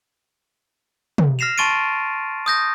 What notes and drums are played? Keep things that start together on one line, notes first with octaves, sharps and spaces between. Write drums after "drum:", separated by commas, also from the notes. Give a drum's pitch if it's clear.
drum: tom
F6 A#6 C7 E7 F7
A5 C6 C#6 A6 D7 D#7
D#6 G6 A#6